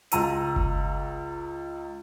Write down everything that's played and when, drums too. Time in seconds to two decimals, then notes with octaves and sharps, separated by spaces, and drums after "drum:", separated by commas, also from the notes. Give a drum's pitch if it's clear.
0.12 C#2 A#5 E6 D#7, drum: hi-hat
0.56 drum: kick F#1